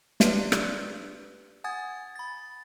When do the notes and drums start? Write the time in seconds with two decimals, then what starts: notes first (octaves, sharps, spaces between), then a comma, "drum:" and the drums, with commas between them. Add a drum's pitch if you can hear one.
0.20 D4 G4 B4 D5 C6, drum: snare
0.52 drum: rim click
1.64 F#5 G#5 D#6 G#6 A6
2.16 B5 A6